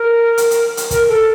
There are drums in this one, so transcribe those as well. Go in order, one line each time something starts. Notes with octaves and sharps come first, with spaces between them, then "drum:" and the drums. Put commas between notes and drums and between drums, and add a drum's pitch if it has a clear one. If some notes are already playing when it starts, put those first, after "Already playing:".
Already playing: A#4
drum: hi-hat
drum: hi-hat
drum: hi-hat
A#4, drum: kick, hi-hat
A4